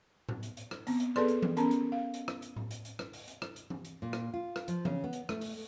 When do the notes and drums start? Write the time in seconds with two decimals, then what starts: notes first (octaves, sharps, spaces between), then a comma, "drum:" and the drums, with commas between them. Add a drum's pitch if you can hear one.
0.29 drum: tom A2
0.43 drum: hi-hat
0.57 drum: hi-hat
0.71 drum: rim click
0.87 B3 C4, drum: open hi-hat
1.00 drum: hi-hat
1.16 B3 G#4 A4 B4 D5 C6, drum: rim click
1.28 drum: hi-hat
1.42 drum: tom E3
1.57 B3 C#4 A#4 A5 A#5, drum: hi-hat
1.71 drum: hi-hat
1.92 F5
2.14 drum: hi-hat
2.28 drum: rim click
2.42 drum: hi-hat
2.56 drum: tom A2
2.71 drum: hi-hat
2.85 drum: hi-hat
2.99 drum: rim click
3.13 drum: open hi-hat
3.28 drum: hi-hat
3.42 drum: rim click
3.56 drum: hi-hat
3.70 drum: tom E3
3.85 drum: hi-hat
4.02 A#2
4.13 drum: rim click
4.33 F4
4.56 drum: rim click
4.68 F3, drum: hi-hat
4.85 C#3, drum: tom E3
5.04 B3
5.13 drum: hi-hat
5.29 A3, drum: rim click
5.41 drum: open hi-hat